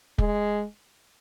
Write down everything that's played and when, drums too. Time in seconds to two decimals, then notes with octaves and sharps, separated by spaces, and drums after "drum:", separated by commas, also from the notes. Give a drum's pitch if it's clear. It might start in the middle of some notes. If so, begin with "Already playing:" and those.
0.18 G#3, drum: kick